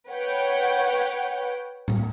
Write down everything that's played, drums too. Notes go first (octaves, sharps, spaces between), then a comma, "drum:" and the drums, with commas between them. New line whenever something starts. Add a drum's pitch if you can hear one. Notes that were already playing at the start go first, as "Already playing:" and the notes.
B4 C#5 F#5 G5
drum: tom A2